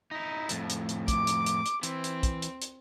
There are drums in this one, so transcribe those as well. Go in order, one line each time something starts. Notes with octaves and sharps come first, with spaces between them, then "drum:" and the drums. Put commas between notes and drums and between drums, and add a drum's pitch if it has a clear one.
D#4 E4
F2 A2, drum: hi-hat
drum: hi-hat
drum: hi-hat
D6, drum: kick, hi-hat
drum: hi-hat
drum: hi-hat
drum: hi-hat
E3 C4, drum: hi-hat
drum: hi-hat
drum: kick, hi-hat
drum: hi-hat
drum: hi-hat